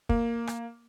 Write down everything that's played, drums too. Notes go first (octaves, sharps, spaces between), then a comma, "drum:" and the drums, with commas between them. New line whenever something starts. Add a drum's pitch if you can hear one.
A#3, drum: kick
drum: rim click